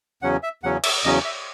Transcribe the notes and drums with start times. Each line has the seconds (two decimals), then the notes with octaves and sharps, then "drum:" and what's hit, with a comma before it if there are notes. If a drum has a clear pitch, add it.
0.22 E2 C#3 F#3 C#4 F#5
0.43 E5
0.63 E2 C#3 F#3 C#4 F#5
0.84 E5, drum: cymbal
1.04 E2 C#3 F#3 C#4 D#5
1.24 E5